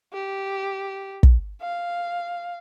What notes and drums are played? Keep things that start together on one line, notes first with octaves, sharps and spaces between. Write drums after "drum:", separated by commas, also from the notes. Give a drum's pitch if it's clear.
G4
drum: kick
F5